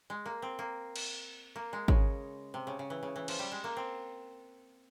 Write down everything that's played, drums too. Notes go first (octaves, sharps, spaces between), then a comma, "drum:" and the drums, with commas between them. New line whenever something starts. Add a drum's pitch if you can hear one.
G#3
A#3
C4
A#3
drum: cymbal
A#3
G#3
C#3, drum: kick G#1
C3
C#3
C#3
E3
C#3
E3
F3, drum: cymbal
G3
G#3
A#3
C4